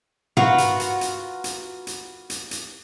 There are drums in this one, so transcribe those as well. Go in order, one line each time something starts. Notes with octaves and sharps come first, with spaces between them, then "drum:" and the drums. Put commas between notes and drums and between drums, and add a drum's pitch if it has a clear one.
F4 F#4 A#4 B4, drum: tom
drum: hi-hat
drum: hi-hat
drum: hi-hat
drum: hi-hat
drum: hi-hat
drum: hi-hat
drum: hi-hat